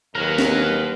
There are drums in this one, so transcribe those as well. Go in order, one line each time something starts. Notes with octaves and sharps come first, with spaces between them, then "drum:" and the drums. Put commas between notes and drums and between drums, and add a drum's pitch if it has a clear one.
D#2 B2 F#3 G#3 A#4 B4
drum: snare